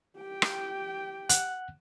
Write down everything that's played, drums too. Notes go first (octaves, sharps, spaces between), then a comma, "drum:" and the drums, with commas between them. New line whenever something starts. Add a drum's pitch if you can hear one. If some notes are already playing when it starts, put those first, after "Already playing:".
G4 G5
drum: rim click
F#5 F#6, drum: hi-hat